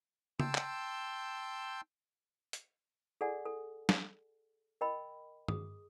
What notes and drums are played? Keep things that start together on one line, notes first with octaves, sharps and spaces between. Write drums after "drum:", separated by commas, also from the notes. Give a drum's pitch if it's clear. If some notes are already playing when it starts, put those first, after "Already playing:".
G5 A5 C6 E6 G6, drum: tom C#3
drum: clap
drum: hi-hat
G#4 A4 D5 F#5 G#5
A4
drum: snare
A#4 D#5 G5 B5
G#4 D#6, drum: tom G2